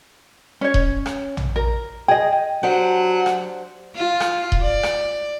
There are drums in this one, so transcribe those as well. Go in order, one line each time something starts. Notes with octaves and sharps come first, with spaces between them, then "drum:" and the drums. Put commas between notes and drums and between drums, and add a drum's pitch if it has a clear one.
C#4 C#5
drum: kick D#1
drum: rim click
drum: tom
A#4
G#4 D#5 G5
F#3 D4 G4 C5 F#5
drum: rim click
F4
drum: rim click
drum: kick D#1
D5
drum: rim click